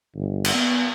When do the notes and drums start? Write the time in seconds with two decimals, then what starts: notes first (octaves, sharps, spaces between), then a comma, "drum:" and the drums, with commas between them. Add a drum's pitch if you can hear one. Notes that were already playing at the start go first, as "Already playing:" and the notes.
0.15 G1
0.45 drum: cymbal
0.54 B3